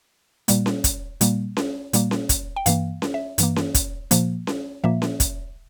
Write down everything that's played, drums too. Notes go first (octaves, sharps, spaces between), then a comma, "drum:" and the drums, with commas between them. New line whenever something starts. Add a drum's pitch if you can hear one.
A#2 G3 A#3, drum: hi-hat
drum: snare C#4
drum: kick, hi-hat
A#2 G3 A#3, drum: hi-hat
drum: snare C#4
A#2 G3 A#3, drum: hi-hat
drum: snare C#4
drum: kick, hi-hat
G5
G2 E3 A#3 F5, drum: hi-hat
drum: snare C#4
E5
G2 E3 A#3, drum: hi-hat
drum: snare C#4
drum: kick, hi-hat
A#2 F3 A#3, drum: hi-hat
drum: snare C#4
A#2 F3 A#3 E5
drum: snare C#4
drum: kick, hi-hat